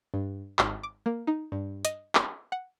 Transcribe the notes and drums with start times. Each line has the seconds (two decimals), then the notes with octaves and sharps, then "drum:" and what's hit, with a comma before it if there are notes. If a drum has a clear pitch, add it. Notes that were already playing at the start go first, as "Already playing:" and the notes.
0.14 G2
0.59 G#1, drum: clap
0.83 D6
1.06 A#3
1.27 D#4
1.52 G2
1.85 D#5, drum: hi-hat
2.15 drum: clap
2.52 F#5